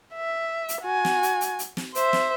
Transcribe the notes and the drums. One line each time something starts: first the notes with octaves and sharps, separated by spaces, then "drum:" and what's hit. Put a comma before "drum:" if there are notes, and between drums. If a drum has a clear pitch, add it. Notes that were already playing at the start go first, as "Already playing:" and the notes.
E5
drum: hi-hat
F#4 G#5
drum: snare
drum: hi-hat
drum: hi-hat
drum: hi-hat
drum: snare
C5 E5, drum: hi-hat
drum: snare